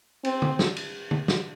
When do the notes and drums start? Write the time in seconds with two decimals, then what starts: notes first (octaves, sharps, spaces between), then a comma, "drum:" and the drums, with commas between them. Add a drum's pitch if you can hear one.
0.25 C4, drum: cymbal
0.42 drum: tom D3
0.59 drum: snare
0.76 drum: cymbal
1.11 drum: tom D3
1.28 drum: snare